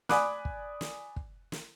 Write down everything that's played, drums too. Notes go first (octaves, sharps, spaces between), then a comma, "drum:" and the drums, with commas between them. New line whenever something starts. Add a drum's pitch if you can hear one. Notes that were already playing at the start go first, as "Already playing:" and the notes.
D5 G#5 B5 D6 D#6 F#6, drum: snare
drum: kick
drum: snare
drum: kick
drum: snare